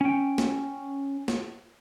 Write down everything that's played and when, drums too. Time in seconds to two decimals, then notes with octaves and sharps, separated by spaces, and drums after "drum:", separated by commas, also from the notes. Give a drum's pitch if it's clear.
0.01 C#4 G5
0.38 drum: snare
1.28 drum: snare